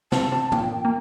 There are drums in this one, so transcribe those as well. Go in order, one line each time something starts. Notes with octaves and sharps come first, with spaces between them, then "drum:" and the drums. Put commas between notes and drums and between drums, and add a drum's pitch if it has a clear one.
C3 C4 A5, drum: snare
C3 C4
A#2 A#3 G5, drum: tom
A#3